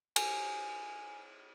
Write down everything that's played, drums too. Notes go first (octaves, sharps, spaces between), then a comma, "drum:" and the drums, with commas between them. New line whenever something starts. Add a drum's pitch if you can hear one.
G#5, drum: cymbal